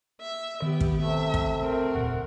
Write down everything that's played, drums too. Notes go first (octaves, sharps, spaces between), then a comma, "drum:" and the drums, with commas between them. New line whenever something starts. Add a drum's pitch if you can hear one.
E5
D#3 B3 G4
drum: kick
C3 A3 E5
drum: kick
C4 A#4
E1 D2 A#2 F#5